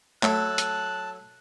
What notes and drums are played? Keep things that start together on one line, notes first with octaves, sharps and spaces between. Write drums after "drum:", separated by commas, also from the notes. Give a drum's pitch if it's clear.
F#3 A3 E4 A4 A5 F#6, drum: clap
drum: hi-hat